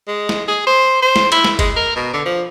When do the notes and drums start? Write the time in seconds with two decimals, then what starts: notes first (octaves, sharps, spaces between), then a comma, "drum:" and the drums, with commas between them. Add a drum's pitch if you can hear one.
0.07 G#3
0.29 drum: snare
0.48 G#4
0.67 C5
1.02 C5
1.16 drum: snare
1.32 E4, drum: cymbal
1.44 drum: snare
1.59 G#3, drum: kick, cymbal
1.76 A#4
1.96 B2
2.13 D3
2.25 F3